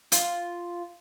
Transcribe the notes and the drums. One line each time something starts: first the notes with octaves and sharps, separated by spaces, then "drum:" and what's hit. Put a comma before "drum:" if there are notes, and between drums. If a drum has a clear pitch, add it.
F4, drum: hi-hat